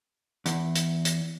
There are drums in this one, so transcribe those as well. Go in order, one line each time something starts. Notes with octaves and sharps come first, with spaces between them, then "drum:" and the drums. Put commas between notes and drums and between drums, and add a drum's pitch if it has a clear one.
E2, drum: hi-hat
drum: hi-hat
drum: hi-hat